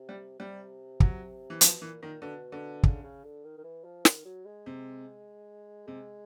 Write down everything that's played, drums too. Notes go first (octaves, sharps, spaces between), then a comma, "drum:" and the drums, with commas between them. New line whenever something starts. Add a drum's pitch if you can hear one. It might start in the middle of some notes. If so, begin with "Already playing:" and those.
Already playing: C3
G3
C3 G3
F#3, drum: kick
E3
B2 F3, drum: hi-hat
A#2 E3
A#2 D#3
B2 D3
D3
C#3, drum: kick
C#3
D3
D#3
D#3
E3
F3
D#3, drum: snare
F#3
G#3
C3
C3 G#3